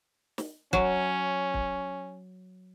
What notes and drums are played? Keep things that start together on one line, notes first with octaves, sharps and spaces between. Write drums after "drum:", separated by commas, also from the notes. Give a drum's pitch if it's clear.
drum: snare
F#3 C#4, drum: kick
drum: kick